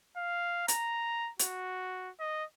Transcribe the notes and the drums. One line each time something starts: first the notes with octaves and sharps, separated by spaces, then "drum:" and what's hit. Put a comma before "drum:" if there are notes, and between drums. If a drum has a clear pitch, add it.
F5
A#5, drum: hi-hat
F#4, drum: hi-hat
D#5